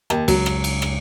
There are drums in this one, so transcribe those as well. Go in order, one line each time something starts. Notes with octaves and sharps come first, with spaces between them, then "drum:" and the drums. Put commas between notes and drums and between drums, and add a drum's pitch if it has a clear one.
D#2, drum: rim click
C#2 F#3, drum: cymbal
drum: rim click
drum: cymbal
drum: rim click